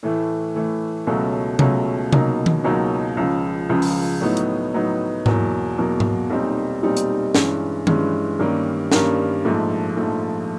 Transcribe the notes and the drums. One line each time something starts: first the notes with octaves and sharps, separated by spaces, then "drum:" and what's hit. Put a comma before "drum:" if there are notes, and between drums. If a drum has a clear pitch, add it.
A2 E3 A3
A2 E3 A3
C#2 B2 F#3 A3 C#4
C#2 B2 F#3 A3 C#4, drum: tom C3
C#2 B2 F#3 A#3 D#4, drum: tom C3
drum: tom D#3
C#2 B2 F#3 A#3 D#4
C#2 C#3 F3
C#2 C#3 F3
drum: open hi-hat
A2 F#3 B3 D#4
drum: hi-hat
A2 F#3 B3 D#4
E2 B2 F#3 A#3, drum: tom G#2
E2 B2 F#3 A#3
drum: tom G#2
B1 A#2 G3 C4 D#4
B1 A#2 G3 C4 D#4
drum: hi-hat
G2 E3 G#3 C#4, drum: snare
G2 E3 G#3 C#4, drum: tom D#3
G2 D#3 G3 A#3 C#4
G2 D#3 G3 A#3 C#4, drum: snare
A#1 G#2 F3 A3
A#1 G#2 F3 A3